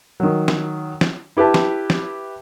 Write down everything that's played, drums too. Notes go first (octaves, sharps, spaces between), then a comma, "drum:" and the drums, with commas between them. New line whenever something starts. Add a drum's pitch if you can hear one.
D#3 F#3
drum: snare
drum: snare
E4 G4 B4 E5 A5
drum: snare
drum: snare